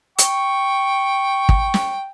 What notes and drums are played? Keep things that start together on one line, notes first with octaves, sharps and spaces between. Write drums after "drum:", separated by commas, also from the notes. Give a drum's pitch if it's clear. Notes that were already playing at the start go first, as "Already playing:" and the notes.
G5 C#6, drum: hi-hat
drum: kick
drum: snare